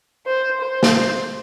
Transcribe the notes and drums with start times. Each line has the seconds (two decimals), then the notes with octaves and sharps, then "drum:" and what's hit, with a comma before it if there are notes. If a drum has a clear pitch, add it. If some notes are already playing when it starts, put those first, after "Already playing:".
0.26 C5
0.61 C5
0.83 drum: snare